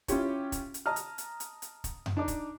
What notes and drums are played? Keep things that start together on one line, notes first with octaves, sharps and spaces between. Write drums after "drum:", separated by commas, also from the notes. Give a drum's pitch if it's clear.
C#4 E4 F4 G4 C#5, drum: kick, hi-hat
drum: kick, hi-hat
drum: hi-hat
D#5 A5 A#5 F6
drum: hi-hat
drum: hi-hat
drum: hi-hat
drum: hi-hat
drum: kick, hi-hat
drum: tom F#2
D4 D#4 D6
drum: kick, hi-hat